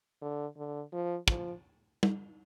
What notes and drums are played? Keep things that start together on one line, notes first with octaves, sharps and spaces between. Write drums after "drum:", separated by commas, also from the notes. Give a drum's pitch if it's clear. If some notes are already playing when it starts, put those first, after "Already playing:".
D3
D3
F3
F3, drum: kick
drum: tom